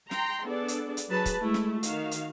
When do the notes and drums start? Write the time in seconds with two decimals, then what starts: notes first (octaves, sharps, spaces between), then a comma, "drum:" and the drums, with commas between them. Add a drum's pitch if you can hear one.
0.11 G5 A#5 C6, drum: snare
0.45 B3 D4 G#4 A4 D5
0.68 drum: hi-hat
0.97 drum: hi-hat
1.09 F#3 G#4 B4 A5 B5
1.26 drum: kick, hi-hat
1.40 G#3 A3 E4
1.54 drum: snare
1.83 D#3 F#4 F5, drum: hi-hat
2.11 drum: hi-hat